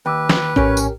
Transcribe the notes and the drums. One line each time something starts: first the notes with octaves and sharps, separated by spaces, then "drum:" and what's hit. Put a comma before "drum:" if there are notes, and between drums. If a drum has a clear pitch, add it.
D#2 B4 G5 D6 E6
drum: snare
A#1 A2 C#4 G4 A#4 G5, drum: kick
drum: tambourine